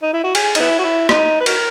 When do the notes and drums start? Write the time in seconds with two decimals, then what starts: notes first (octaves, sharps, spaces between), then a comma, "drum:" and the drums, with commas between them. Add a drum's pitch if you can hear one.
0.03 D#4
0.13 E4
0.24 F#4
0.35 G#4, drum: cymbal
0.55 D#4, drum: cymbal
0.60 B3 E4
0.79 F#4
0.84 E4
1.09 D#4, drum: rim click
1.40 B4
1.46 F#4 A#4, drum: cymbal